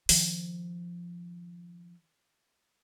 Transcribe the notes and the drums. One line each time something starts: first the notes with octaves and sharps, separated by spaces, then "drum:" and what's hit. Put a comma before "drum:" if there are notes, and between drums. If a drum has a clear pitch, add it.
D#3 F3, drum: open hi-hat